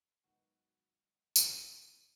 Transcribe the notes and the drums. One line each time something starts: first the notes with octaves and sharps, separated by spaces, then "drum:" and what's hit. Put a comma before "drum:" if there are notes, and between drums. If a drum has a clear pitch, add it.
G#2 D#3 F#3 B3 D#4 F#4
E1 D2 D3 G3, drum: tambourine